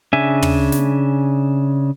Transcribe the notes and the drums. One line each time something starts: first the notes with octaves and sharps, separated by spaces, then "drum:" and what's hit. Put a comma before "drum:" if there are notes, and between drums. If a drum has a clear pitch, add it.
C#3 D4 E5 G#5
drum: tom
drum: snare